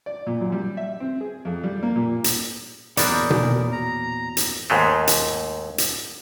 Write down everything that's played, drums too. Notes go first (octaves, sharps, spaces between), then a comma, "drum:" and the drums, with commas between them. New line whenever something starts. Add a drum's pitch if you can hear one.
D5
A#2
F#2
G3
E5
C4
G#4
F2
G3
A#3
A#2
drum: hi-hat
E2 A#2 F#3 G#4 A#4 C5 D5 B5, drum: hi-hat
drum: tom B2
A#5
drum: hi-hat
D#2 G#2 G#3 A3
drum: hi-hat
drum: hi-hat